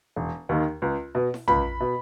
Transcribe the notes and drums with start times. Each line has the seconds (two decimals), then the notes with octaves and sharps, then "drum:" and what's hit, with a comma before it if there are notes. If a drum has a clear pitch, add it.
0.16 E1
0.49 D#2 D#3
0.82 C#2
1.15 B2
1.34 drum: snare E4
1.48 C#2 B5, drum: tom
1.80 B2